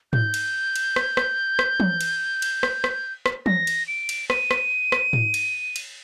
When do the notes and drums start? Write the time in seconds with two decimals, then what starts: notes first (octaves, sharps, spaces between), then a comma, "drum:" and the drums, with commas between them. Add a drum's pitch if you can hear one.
0.13 G6, drum: tom G#2
0.34 drum: cymbal
0.75 drum: cymbal
0.96 drum: rim click
1.17 drum: rim click
1.59 drum: rim click
1.80 drum: tom
2.01 drum: cymbal
2.42 drum: cymbal
2.63 drum: rim click
2.84 drum: rim click
3.26 drum: rim click
3.46 A#6, drum: tom
3.67 drum: cymbal
3.88 D7
4.09 drum: cymbal
4.30 D#7, drum: rim click
4.51 drum: rim click
4.92 drum: rim click
5.13 drum: tom G#2
5.34 drum: cymbal
5.76 drum: cymbal